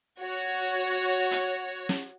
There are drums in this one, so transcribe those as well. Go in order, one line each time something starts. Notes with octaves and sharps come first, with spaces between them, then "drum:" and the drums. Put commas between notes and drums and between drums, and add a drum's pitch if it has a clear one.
F#4 C#5
drum: hi-hat
drum: snare